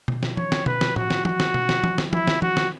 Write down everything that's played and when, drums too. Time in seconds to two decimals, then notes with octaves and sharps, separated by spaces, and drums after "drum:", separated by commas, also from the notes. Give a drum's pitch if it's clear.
0.08 drum: tom B2
0.23 drum: snare
0.37 C#5, drum: tom E3
0.52 drum: snare
0.66 B4, drum: tom B2
0.81 drum: snare
0.96 F#4, drum: tom A2
1.10 drum: snare
1.25 F#4, drum: tom E3
1.40 drum: snare
1.54 drum: tom B2
1.69 drum: snare
1.84 drum: tom E3
1.98 drum: snare
2.13 E4, drum: tom E3
2.27 drum: snare
2.42 F#4, drum: tom E3
2.57 drum: snare